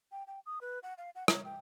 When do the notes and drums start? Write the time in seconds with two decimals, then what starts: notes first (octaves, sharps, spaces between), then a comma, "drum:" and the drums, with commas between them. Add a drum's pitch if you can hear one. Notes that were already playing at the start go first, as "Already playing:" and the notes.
0.12 G5
0.27 G5
0.46 D#6
0.61 B4
0.83 F#5
0.98 F5
1.15 F#5
1.28 C#5, drum: rim click
1.45 G5